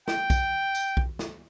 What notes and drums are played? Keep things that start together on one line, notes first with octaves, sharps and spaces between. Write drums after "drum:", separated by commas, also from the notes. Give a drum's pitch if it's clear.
G5, drum: snare
drum: kick, tambourine
drum: tambourine
drum: kick
drum: snare